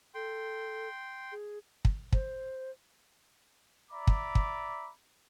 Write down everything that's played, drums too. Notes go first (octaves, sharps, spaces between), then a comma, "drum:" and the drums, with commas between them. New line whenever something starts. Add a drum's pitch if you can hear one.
A4 G5 C6
G#4
drum: kick
C5, drum: kick
D5 E5 A#5 B5 D6
drum: kick
drum: kick